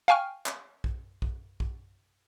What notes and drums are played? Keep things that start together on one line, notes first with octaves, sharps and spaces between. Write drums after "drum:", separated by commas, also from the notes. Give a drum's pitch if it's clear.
F5 G5 G#5 C#6 F6
drum: clap
drum: kick A#1
drum: kick A#1
drum: kick A#1